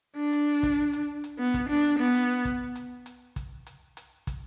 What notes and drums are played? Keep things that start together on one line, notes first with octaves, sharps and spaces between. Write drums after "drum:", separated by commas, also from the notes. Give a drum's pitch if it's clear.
D4
drum: hi-hat
drum: kick, hi-hat
drum: hi-hat
drum: hi-hat
B3
drum: kick, hi-hat
D4
drum: hi-hat
B3
drum: hi-hat
drum: kick, hi-hat
drum: hi-hat
drum: hi-hat
drum: kick, hi-hat
drum: hi-hat
drum: hi-hat
drum: kick, hi-hat